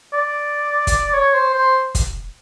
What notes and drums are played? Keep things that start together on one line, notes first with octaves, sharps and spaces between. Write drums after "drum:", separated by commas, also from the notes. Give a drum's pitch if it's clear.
D5
drum: kick, hi-hat
C#5
C5
C5
drum: kick, hi-hat